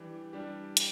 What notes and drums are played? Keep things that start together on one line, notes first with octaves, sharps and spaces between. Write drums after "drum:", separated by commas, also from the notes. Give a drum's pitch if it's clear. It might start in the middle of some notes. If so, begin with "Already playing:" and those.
Already playing: E3 G3 D4 G4
G3 D4 G4
drum: hi-hat